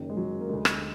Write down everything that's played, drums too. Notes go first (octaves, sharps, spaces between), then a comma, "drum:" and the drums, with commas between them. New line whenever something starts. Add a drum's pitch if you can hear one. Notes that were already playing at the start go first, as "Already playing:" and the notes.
Already playing: F#1 F#2 D#3
G#3
F#3
A#3
D2 D3 G#3
drum: rim click